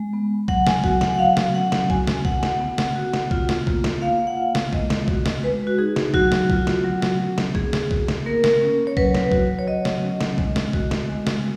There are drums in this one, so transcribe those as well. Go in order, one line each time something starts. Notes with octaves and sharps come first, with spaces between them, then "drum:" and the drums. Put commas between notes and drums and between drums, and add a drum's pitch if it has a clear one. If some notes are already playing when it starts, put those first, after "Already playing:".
Already playing: G#3
B3
F#3 F#5, drum: kick A#1
G#5, drum: snare
F#4 F#5, drum: kick A#1
F#5, drum: snare
F#5
F#3 F5
drum: snare
C#4 F#5
drum: snare
F#4 G#5, drum: kick A#1
drum: snare
B3 F#5, drum: kick A#1
drum: snare
B3
drum: snare
F#4
drum: snare
F4, drum: kick A#1
drum: snare
A#3, drum: kick A#1
drum: snare
A#3 F5
F#5
F4 F5
drum: snare
G#3 D#5, drum: kick A#1
drum: snare
F#4, drum: kick A#1
drum: snare
G#3 B4
F#4
D#4 G#4
drum: snare
F#3 F#4, drum: kick A#1
drum: snare
F4, drum: kick A#1
drum: snare
F#3
drum: snare
C#4
drum: snare
A#3 G#4, drum: kick A#1
drum: snare
F#4, drum: kick A#1
drum: snare
A#3 A#4
drum: snare
C#4
C#5
F#3 B4, drum: kick A#1
drum: snare
F#4, drum: kick A#1
C#5
F#3 D#5
drum: snare
C#4
drum: snare
G#3, drum: kick A#1
drum: snare
F#4, drum: kick A#1
drum: snare
G#3
drum: snare